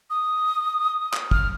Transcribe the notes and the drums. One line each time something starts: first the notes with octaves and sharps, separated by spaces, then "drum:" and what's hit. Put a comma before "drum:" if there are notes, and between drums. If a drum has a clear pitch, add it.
D#6
drum: clap
F6, drum: kick